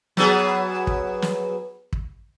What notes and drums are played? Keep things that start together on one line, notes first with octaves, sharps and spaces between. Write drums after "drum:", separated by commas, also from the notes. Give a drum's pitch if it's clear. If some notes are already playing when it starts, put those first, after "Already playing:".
F#3 B3 G#4, drum: snare
drum: kick
drum: snare
drum: kick